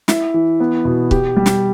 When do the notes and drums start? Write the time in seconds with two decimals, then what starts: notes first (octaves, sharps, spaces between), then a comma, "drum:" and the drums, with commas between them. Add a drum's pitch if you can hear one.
0.08 E4, drum: snare
0.34 E3
0.60 B3
0.85 B2
1.11 G4, drum: kick C#1
1.36 G3
1.46 drum: snare